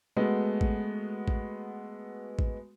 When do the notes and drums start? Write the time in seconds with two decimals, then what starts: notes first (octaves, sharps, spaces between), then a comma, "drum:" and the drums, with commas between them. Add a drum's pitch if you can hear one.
0.17 G#3 A3 B3 F#4
0.61 drum: kick
1.28 drum: kick
2.39 drum: kick